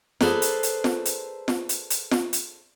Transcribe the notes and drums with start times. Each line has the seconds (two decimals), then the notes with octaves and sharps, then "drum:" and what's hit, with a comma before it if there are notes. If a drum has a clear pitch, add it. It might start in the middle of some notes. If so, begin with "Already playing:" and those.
0.21 G#4 A4 B4 C5 D5 A#5, drum: snare F4
0.42 drum: hi-hat
0.63 drum: hi-hat
0.84 drum: snare F4
1.05 drum: hi-hat
1.48 drum: snare F4
1.69 drum: hi-hat
1.90 drum: hi-hat
2.11 drum: snare F4
2.33 drum: hi-hat